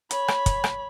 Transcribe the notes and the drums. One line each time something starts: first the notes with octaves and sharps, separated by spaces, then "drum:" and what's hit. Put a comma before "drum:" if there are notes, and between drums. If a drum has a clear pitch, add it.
C#5 B5, drum: hi-hat
drum: rim click
drum: kick, hi-hat
drum: rim click